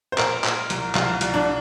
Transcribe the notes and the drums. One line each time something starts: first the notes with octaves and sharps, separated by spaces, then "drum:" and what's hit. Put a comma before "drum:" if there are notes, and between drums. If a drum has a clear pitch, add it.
C5
A#2 A#4, drum: clap
A#2, drum: clap
C2, drum: hi-hat
C2 F4, drum: clap
C2, drum: hi-hat
D4